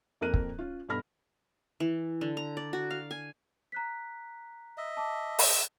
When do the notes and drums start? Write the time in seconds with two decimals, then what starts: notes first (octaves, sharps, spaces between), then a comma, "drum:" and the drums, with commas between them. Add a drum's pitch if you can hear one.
0.21 F2 A#3 C4 A#4 F#6 D#7
0.34 drum: kick
0.58 C#4 F4
0.89 G2 B2 A4 B5 F6 A#6
1.80 E3
2.21 D3
2.37 A#5
2.57 D5
2.73 F#4
2.90 F5
3.11 G#5
3.72 A#5 F#6 B6
4.78 D#5 E5
4.97 A5 D6
5.39 drum: open hi-hat